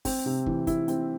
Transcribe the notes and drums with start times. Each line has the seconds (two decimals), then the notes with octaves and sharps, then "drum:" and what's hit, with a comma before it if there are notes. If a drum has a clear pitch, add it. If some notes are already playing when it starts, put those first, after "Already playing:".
0.05 C4, drum: kick, open hi-hat
0.26 C3
0.46 E3, drum: kick
0.67 E4, drum: kick, hi-hat
0.88 C4, drum: hi-hat